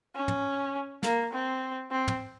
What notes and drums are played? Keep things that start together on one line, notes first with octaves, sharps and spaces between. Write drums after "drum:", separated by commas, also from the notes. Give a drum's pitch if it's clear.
C#4
drum: tom
A#3, drum: snare
C4
C4
drum: tom